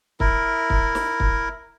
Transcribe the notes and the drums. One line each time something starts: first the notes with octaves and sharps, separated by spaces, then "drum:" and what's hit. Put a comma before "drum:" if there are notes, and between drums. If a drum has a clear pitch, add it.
E4 A#4, drum: kick
drum: kick
drum: snare
drum: kick